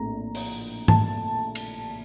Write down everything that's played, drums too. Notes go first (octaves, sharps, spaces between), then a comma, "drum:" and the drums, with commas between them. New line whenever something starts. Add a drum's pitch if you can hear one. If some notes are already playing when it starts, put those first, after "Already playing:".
Already playing: A#1 A2 A3 C4 A#5
drum: open hi-hat
A5, drum: tom G#2
drum: cymbal